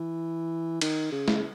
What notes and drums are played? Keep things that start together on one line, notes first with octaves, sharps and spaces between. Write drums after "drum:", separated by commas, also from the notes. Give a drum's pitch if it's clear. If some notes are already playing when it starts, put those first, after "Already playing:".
Already playing: E3
D#3, drum: cymbal
C#3
drum: snare